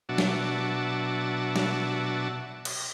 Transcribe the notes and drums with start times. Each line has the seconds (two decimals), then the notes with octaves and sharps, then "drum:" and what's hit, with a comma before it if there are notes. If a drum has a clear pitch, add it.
0.09 B2 F#3 D4 F#4 E5 A5
0.18 drum: snare
1.56 drum: snare
2.65 drum: cymbal